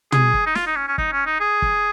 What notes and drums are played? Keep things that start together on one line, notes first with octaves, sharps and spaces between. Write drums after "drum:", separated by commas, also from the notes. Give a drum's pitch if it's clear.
G#4, drum: tom
drum: kick
D#4
F4, drum: snare
D#4
C#4
C#4
D#4, drum: kick
C#4
D#4
G#4
drum: kick